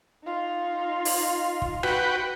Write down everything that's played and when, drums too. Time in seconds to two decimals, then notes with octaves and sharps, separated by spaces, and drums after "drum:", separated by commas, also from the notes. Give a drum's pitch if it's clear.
0.24 D#4 F4
1.05 drum: open hi-hat
1.62 drum: kick
1.83 F#4 B4 G5, drum: rim click